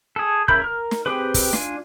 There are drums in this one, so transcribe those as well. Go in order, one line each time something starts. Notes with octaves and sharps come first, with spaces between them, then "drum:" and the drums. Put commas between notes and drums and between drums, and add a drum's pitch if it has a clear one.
G#4 A4
C#3 E4 A#4 B5 G6, drum: kick
A#4 F6
drum: snare
C4 G4 G#4 B4
drum: kick, open hi-hat
D4 F4 G#5, drum: snare